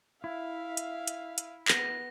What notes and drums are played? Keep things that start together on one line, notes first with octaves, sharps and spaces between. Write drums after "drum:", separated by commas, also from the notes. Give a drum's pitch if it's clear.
E4 E5 F5
drum: hi-hat
drum: hi-hat
drum: hi-hat
B3 A#6, drum: clap